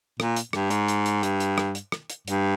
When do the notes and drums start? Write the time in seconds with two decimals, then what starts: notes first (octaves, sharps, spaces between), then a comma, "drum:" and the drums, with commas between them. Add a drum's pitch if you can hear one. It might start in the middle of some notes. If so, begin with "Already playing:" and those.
0.20 A#2, drum: rim click
0.36 drum: hi-hat
0.53 G2, drum: rim click
0.70 G#2, drum: hi-hat
0.88 drum: hi-hat
1.06 drum: hi-hat
1.23 G2, drum: hi-hat
1.40 drum: hi-hat
1.58 drum: rim click
1.75 drum: hi-hat
1.92 drum: rim click
2.10 drum: hi-hat
2.28 G2, drum: hi-hat